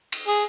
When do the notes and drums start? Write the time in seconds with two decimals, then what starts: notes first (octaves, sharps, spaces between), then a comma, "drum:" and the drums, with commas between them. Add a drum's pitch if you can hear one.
0.12 drum: cymbal
0.28 G#4